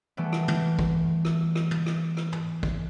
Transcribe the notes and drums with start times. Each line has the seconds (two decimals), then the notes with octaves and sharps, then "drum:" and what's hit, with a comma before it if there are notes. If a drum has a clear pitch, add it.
0.17 E3 G3 A3 B3
0.33 drum: rim click
0.48 drum: tom
0.79 drum: kick
1.25 drum: rim click
1.55 drum: rim click
1.71 drum: tom
1.86 drum: rim click
2.17 drum: rim click
2.32 drum: tom
2.63 drum: kick